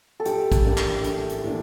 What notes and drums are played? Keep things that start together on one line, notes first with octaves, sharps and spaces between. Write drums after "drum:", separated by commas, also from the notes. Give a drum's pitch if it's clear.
A4
A#1 G4, drum: hi-hat
drum: kick, hi-hat
A2 E3 A#3 D4
drum: clap
A#1, drum: hi-hat
drum: hi-hat
A2 E3 A#3 D4